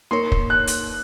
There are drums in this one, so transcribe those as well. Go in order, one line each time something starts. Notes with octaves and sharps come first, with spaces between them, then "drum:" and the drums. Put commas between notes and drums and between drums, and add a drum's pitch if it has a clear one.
A#3 D#4 A#4 C#5 C6
drum: kick
F#6
drum: hi-hat